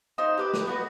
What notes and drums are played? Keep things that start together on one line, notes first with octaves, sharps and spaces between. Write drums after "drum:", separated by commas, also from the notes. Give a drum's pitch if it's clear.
D#4 F4 C5
G4 B4 D6
B4, drum: snare
B3 F#4 B4